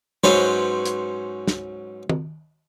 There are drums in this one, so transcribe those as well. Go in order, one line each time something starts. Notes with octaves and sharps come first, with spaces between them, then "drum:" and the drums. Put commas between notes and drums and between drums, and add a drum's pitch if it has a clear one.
G#2 F#3 C#4 B4 C5, drum: snare
drum: hi-hat
drum: snare
drum: tom